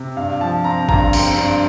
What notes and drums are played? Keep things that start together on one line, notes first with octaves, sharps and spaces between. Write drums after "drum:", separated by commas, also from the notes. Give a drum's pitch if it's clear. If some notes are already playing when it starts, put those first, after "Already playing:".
Already playing: C3
G2 F5
F3 A5
C4 A#5
G2 A#5, drum: kick G1
C4, drum: cymbal
G2